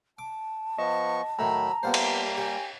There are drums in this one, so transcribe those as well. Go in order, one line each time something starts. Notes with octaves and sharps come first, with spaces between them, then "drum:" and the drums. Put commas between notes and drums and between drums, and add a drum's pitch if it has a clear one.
A5 D6
F3 B3 D#5 C#6
A2 D#3 F#3 A#5 B5 E6
G3 A#3 B3 F4 C5
drum: cymbal
G4 G#5